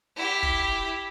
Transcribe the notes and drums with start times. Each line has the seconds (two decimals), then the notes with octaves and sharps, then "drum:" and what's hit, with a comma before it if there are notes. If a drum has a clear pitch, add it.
0.16 E4 G4
0.43 drum: kick